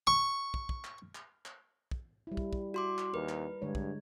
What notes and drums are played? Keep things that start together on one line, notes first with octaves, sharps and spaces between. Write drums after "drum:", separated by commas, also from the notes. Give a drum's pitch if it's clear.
C#6
drum: kick
drum: kick
drum: clap
drum: clap
drum: clap
drum: kick
G3 E4
drum: kick
drum: kick
F#4 C6 D6
drum: clap
D#2 A#4 B4
drum: clap
G2 D3 G#3 C#5
drum: kick